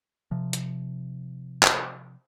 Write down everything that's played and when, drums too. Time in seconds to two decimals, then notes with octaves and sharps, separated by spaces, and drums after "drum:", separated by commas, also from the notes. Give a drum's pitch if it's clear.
0.31 C3 F3
0.53 drum: hi-hat
1.63 drum: clap